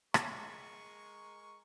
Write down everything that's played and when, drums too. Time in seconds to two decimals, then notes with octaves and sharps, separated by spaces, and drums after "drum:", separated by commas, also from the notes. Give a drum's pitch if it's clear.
0.14 G#3 A#4 C#6, drum: rim click